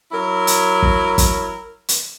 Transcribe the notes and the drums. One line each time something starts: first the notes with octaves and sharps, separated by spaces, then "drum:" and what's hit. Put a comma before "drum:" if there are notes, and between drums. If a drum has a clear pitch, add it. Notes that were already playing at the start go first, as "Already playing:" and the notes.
F#3 E4 A#4
drum: hi-hat
drum: kick
drum: kick, hi-hat
drum: hi-hat